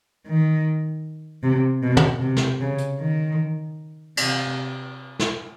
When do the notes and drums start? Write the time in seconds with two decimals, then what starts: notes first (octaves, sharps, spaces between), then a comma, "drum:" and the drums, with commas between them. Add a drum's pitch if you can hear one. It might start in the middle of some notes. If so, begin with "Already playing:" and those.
0.27 D#3
1.43 C3
1.82 B2
1.97 drum: tom
2.22 C3
2.37 drum: snare
2.61 C#3
2.78 drum: hi-hat
3.00 D#3
4.17 C3, drum: cymbal
5.20 drum: snare